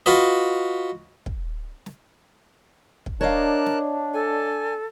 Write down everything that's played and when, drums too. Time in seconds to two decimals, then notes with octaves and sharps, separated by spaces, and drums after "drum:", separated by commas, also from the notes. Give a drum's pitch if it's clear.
0.06 F4 F#4 B4 D#5, drum: snare
1.26 drum: kick
1.86 drum: snare
3.06 drum: kick
3.21 D4 A#4 C#5 D#5 F5 A5 F#6
3.66 drum: snare
4.14 A4 G#5